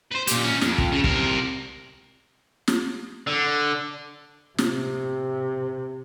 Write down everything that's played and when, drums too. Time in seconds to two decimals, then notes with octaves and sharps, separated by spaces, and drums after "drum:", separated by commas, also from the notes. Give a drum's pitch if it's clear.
0.12 B4 C5
0.27 A#2 G4, drum: hi-hat
0.44 C#4 D#4
0.61 F2, drum: snare
0.78 drum: kick
0.92 C#3 C#4
1.04 C3 A#4, drum: kick
2.68 drum: snare
3.27 D3
4.58 C3, drum: snare